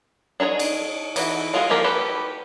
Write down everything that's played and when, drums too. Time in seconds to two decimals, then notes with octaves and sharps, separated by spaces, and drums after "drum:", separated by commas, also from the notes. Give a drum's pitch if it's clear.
0.40 D4 D#4 G#4 C#5
0.59 drum: cymbal
1.16 E3 D#4 E4 F#4, drum: cymbal
1.54 G#3 F4 F#4 G#4
1.69 F3 A#3 F4 G4 A#4
1.84 F#4 G4 A4 B4